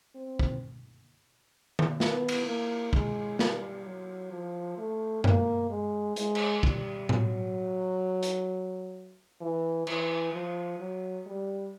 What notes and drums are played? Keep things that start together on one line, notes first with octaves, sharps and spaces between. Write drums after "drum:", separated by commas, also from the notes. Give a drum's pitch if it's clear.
C4
drum: kick
drum: tom D#3
B3, drum: snare
drum: cymbal
A#3
G#3, drum: kick
G3, drum: snare
F#3
F3
A3
A#3, drum: tom F#2
G#3
G#3, drum: hi-hat
drum: cymbal
G3, drum: kick
F#3, drum: tom A2
drum: hi-hat
E3
E3, drum: cymbal
F3
F#3
G3